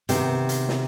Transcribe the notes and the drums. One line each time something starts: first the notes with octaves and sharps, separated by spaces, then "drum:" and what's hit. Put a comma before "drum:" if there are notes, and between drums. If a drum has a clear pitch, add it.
C3 D#3 B3, drum: hi-hat
drum: hi-hat
drum: snare